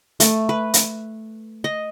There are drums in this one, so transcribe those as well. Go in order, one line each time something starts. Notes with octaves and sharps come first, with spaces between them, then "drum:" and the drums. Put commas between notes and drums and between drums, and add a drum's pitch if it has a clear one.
A3, drum: hi-hat
B4
drum: hi-hat
D#5